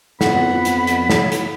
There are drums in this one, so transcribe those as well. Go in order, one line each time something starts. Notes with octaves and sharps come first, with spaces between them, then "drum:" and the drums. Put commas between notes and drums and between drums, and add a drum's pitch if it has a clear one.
F2 B3 F#5 B5, drum: snare
drum: hi-hat
drum: hi-hat
drum: snare
drum: hi-hat